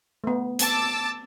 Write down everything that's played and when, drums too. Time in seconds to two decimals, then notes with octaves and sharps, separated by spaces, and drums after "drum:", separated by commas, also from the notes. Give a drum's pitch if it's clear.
0.24 A3 B3
0.59 A5 D6 E6, drum: hi-hat